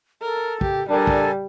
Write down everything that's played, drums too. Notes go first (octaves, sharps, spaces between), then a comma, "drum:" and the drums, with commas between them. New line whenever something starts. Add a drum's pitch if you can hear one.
A4 A#4
G4, drum: kick
G3 D4 A4 A#4 G#5
drum: kick